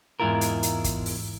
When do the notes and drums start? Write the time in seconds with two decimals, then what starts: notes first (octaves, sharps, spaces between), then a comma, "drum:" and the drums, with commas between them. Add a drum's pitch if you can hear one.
0.20 E2 G#2 G#3 E4 F4 A#4
0.41 drum: hi-hat
0.63 drum: hi-hat
0.84 drum: kick, hi-hat
1.06 drum: open hi-hat